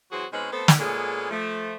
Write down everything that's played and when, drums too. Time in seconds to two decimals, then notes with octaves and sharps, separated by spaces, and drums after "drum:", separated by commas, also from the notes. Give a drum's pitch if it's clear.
0.12 E3 F#3 C4 F#4 G#4 C5
0.32 B2 G#3 C4 C#4 D#4 B4
0.51 A3 B3 C4 A4
0.68 drum: snare
0.79 A#2 G#3 B3 C#4 G#4 A4
1.31 F3 A3